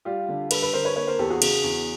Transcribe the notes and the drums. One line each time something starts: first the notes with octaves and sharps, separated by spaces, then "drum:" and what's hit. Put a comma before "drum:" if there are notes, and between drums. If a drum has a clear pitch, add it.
G3 F4 G4
D3
G3 A4 B4, drum: cymbal
A4 B4
D3 A#4 C5
B4 C#5
A#3 B4 C#5
A#4 C5
E2 G4 A4
F#4 G#4
C#3, drum: cymbal
E2